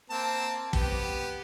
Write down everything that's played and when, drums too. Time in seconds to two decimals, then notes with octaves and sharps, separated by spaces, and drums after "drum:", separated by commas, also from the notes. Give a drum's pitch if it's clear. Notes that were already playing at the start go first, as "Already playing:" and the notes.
0.10 A#3 C4 A5
0.73 B3 G4, drum: kick